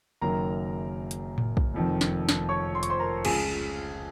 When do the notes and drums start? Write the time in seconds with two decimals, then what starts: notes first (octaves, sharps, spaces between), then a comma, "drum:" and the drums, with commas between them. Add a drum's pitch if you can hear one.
0.21 F#1 F#2 D#3 A#4 A#5
1.11 drum: hi-hat
1.38 drum: tom A2
1.57 drum: kick A#1
1.74 F1 F2 D#3
2.01 drum: snare
2.29 drum: snare
2.49 C#5 C#6
2.75 C6
2.83 C#6, drum: hi-hat
2.90 C5 C6
2.99 A#4 A#5
3.25 C#2 C#3 F3 G#4 G#5, drum: cymbal